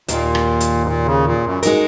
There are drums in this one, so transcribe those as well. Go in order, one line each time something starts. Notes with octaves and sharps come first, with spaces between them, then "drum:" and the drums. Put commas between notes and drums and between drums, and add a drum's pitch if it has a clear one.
D#2 A#2 D#3 A#3, drum: hi-hat
drum: rim click
drum: hi-hat
G#2
A#2
C#3
A#2
F#2
G#3 D#4 F#4 A#4, drum: hi-hat